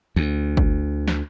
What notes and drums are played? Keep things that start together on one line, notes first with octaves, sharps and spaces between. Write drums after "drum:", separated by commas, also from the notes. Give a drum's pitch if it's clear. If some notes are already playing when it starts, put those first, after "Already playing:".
D2
drum: kick
drum: snare